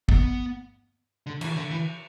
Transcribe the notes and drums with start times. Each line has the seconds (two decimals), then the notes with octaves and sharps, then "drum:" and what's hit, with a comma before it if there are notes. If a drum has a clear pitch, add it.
0.09 B3, drum: kick
1.27 D3
1.41 E3, drum: cymbal
1.56 D3
1.71 E3